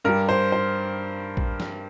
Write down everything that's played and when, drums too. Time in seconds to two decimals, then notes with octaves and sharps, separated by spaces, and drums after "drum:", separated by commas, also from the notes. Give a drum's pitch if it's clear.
0.04 G2 G3 A#4
0.29 C5
0.52 C5
1.37 drum: kick A#1
1.60 drum: snare